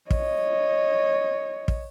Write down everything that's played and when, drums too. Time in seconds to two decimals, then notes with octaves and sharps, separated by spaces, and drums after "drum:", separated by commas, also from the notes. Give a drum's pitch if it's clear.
0.11 C#5 D#5, drum: kick
1.68 drum: kick